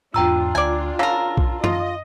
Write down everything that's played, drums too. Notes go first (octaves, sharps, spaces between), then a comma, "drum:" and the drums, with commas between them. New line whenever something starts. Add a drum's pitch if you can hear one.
E2 G#2 D4 F4 G5 A#5 E6
D2 D5 G#5
C#3 A#4 F5 A5 A#5 E6
drum: kick B1
F4 D#5, drum: tom F#2